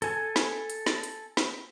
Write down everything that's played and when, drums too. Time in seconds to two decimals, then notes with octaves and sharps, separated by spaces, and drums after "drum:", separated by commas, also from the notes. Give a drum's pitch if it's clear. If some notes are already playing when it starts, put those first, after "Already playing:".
0.02 A4 G#5, drum: hi-hat
0.36 drum: snare
0.70 drum: hi-hat
0.86 drum: snare
1.03 drum: hi-hat
1.37 drum: snare